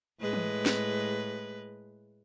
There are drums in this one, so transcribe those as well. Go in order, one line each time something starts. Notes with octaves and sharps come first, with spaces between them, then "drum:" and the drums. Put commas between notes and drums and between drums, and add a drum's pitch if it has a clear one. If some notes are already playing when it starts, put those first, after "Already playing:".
A2 G#3 B4
drum: tom E3
drum: snare